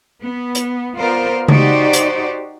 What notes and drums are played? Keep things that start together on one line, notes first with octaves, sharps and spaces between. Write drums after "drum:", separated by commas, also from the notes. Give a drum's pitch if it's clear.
B3
drum: hi-hat
B3 F4 A#4 C5 D5
D#4 F#4 G4 C5 D5, drum: tom C#3
drum: hi-hat